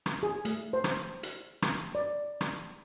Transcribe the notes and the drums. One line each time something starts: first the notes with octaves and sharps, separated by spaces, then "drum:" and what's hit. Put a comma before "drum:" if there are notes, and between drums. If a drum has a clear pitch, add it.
drum: rim click
G#4
A3, drum: hi-hat
C5
drum: rim click
drum: hi-hat
drum: rim click
D5
drum: rim click